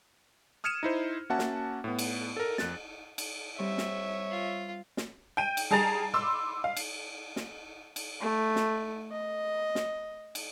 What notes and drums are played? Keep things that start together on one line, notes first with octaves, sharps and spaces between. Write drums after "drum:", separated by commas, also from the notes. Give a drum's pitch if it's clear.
D#6 F6 G#6 C#7 D#7 E7
D#4 E4 C5
A#3 C#4 F#4 E5 F#5 A5
drum: snare
A2 B3
drum: cymbal
A4 A#4
F2 F#6 A6, drum: snare
drum: cymbal
G3 C4 G4 C#5 E5
drum: snare
F4
drum: snare
G5 D#7
drum: cymbal
G3 G#4 A5 A#5 A6 F7
B5 C6 D6 E6
F5
drum: cymbal
drum: snare
drum: cymbal
A3
drum: snare
D#5
drum: snare
drum: cymbal